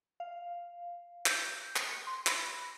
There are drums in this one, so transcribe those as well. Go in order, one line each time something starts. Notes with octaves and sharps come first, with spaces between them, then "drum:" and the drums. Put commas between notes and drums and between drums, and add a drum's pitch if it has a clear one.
F5
G6, drum: clap
drum: clap
C6
B5 A#6, drum: clap